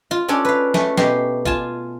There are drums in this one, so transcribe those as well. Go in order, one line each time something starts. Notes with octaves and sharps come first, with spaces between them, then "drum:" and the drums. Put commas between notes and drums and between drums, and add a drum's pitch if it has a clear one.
F4
C#4 D4 A4 C#5 D5
B4 F5
A3 C#4, drum: snare
B2 G4 C6, drum: snare
F4 G#5 A5, drum: kick